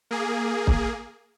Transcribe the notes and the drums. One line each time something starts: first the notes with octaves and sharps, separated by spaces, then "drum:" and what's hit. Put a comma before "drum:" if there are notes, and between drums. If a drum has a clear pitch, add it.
A#3 G#4
drum: kick